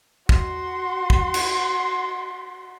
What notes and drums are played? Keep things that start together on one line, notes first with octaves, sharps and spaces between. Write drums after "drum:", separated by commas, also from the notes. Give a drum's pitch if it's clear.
F#4 C6, drum: kick
drum: kick
drum: cymbal